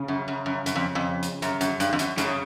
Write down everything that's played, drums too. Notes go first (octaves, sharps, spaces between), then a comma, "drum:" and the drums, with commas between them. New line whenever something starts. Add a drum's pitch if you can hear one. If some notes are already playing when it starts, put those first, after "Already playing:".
Already playing: C#3
F#2
F#2
F#2
F#2, drum: hi-hat
F2
F2
drum: hi-hat
F#2, drum: hi-hat
F#2, drum: hi-hat
G2, drum: hi-hat
F2
F#2, drum: hi-hat
F#2 C#3, drum: hi-hat